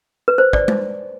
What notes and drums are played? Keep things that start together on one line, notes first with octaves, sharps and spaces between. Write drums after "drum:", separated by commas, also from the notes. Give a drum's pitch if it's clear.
B4
C5
D5, drum: kick
drum: tom G#3